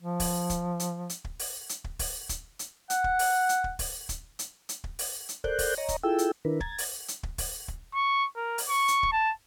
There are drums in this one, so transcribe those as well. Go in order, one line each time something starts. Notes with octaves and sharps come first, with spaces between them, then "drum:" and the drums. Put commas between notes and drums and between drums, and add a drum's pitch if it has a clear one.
F3
drum: kick, open hi-hat
drum: kick, hi-hat
drum: hi-hat
drum: hi-hat
drum: kick
drum: open hi-hat
drum: hi-hat
drum: kick
drum: kick, open hi-hat
drum: kick, hi-hat
drum: hi-hat
F#5, drum: hi-hat
drum: kick
drum: open hi-hat
drum: hi-hat
drum: kick
drum: kick, open hi-hat
drum: kick, hi-hat
drum: hi-hat
drum: hi-hat
drum: kick
drum: open hi-hat
drum: hi-hat
A4 A#4 C5 D5 F#6 G6, drum: kick
drum: kick, open hi-hat
C#5 D#5 A#5
drum: kick, hi-hat
E4 F4 G#4 A4 G5 E6
drum: hi-hat
D#3 D4 E4 A#4 B4
A#5 G#6 A6, drum: kick
drum: open hi-hat
drum: hi-hat
drum: kick
drum: kick, open hi-hat
drum: kick
C#6
A#4
drum: open hi-hat
C#6
drum: hi-hat
drum: kick
A5